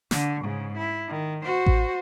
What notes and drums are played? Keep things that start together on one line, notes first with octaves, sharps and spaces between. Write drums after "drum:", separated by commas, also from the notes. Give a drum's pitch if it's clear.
D3, drum: snare
G#2 C#3
E4
D#3
F#4 C5
drum: kick A1